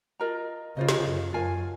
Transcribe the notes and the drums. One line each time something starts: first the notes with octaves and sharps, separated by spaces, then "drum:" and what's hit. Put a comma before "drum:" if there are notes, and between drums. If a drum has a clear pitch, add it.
F4 A#4 D#5 A#5
C#3 F4 C5 D#5
drum: snare
F#2
F#2 F4 A#4 F5 G#5